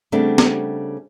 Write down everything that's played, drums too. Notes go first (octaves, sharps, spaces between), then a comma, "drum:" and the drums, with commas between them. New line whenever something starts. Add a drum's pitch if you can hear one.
C#3 G3 A3 B3 C4 D4
drum: snare